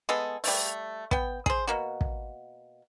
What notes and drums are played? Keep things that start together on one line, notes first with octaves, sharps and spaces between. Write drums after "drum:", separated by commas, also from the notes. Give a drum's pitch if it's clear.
G#3 B3 G#4 A4
G3 A3, drum: open hi-hat
B3 G5, drum: kick
G#4 C5, drum: kick
B2 A#3 F#4
drum: kick